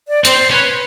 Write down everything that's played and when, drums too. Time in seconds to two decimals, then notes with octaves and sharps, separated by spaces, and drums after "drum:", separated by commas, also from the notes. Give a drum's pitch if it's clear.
0.08 D5
0.25 C4 C5, drum: hi-hat
0.51 C#4 B4